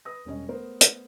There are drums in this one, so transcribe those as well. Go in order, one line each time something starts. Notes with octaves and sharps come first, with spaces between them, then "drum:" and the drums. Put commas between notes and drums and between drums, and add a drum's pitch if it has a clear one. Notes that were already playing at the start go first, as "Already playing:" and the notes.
B4 D#6 A#6
E1 G3 C#4 D#5
A3 B3 A#4 C5
drum: hi-hat